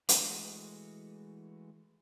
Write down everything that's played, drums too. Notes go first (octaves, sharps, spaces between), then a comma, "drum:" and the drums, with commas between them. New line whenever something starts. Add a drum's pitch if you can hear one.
E3 G#3 A3 F#4, drum: hi-hat